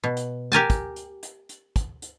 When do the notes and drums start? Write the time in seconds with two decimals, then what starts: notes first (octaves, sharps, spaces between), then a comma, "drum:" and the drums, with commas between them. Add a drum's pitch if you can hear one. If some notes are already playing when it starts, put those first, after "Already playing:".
0.04 B2
0.17 drum: hi-hat
0.52 G4 A#4 G#5 A5
0.70 drum: kick, hi-hat
0.96 drum: hi-hat
1.23 drum: hi-hat
1.49 drum: hi-hat
1.76 drum: kick, hi-hat
2.02 drum: hi-hat